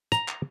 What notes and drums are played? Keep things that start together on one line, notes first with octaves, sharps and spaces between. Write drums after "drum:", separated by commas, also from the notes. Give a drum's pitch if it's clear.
A#5, drum: hi-hat
drum: clap